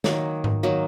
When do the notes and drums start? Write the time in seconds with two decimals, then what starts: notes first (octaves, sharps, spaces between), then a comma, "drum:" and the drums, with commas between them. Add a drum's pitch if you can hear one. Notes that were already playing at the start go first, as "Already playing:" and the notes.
0.04 D#3 F#3 A#3, drum: snare
0.44 drum: tom G#2
0.63 D#3 F#3 A#3